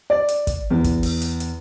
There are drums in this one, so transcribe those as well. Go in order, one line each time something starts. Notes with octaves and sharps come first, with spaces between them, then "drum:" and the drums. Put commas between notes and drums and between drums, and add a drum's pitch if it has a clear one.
D5
drum: hi-hat
drum: kick, hi-hat
E2
drum: kick, hi-hat
drum: open hi-hat
drum: hi-hat
drum: hi-hat